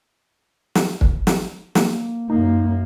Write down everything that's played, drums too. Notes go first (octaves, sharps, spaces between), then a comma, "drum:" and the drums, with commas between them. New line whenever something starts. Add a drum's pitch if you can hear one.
drum: snare
drum: kick
drum: snare
A#3, drum: snare
F#2 A#3 D#4